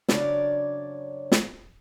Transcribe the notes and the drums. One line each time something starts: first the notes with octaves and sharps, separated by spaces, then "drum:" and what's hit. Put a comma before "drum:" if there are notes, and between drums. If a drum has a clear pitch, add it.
F#2 C#3 D4 C#5 D5, drum: snare
drum: snare